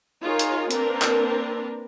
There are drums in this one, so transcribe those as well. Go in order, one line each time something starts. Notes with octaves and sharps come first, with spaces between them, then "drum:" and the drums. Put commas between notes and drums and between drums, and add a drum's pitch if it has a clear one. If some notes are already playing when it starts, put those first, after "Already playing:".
D#4 F4 G#4 A#4 C#5
drum: hi-hat
A#3 C4 D4 A#4 B4, drum: hi-hat
drum: clap